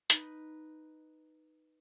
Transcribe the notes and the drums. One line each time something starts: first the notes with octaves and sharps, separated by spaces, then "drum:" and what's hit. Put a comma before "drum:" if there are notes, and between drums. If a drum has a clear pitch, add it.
D#4 B4, drum: hi-hat